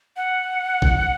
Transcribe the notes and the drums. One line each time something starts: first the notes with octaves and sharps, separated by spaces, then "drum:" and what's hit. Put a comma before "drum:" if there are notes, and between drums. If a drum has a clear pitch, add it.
F#5
drum: kick A1